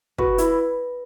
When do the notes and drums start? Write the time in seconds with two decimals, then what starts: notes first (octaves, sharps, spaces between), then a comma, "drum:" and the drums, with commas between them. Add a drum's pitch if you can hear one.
0.18 F#4 B4, drum: kick
0.38 E4, drum: hi-hat